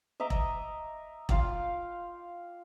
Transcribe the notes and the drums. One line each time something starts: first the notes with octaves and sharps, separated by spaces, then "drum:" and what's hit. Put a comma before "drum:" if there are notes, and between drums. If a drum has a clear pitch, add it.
D#5 E5 A#5 D6
drum: kick E1
F4 F5 G5 D6, drum: kick E1